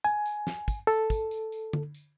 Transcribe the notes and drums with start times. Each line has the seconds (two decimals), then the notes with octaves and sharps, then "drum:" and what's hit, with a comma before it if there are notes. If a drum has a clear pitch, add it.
0.05 G#5, drum: tambourine
0.26 drum: tambourine
0.47 drum: snare
0.68 drum: kick, tambourine
0.87 A4, drum: tambourine
1.10 drum: kick, tambourine
1.31 drum: tambourine
1.52 drum: tambourine
1.73 drum: tom D3
1.95 drum: tambourine